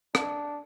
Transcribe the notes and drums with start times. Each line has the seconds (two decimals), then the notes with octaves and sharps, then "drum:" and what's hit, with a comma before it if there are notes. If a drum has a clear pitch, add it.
0.15 D4, drum: rim click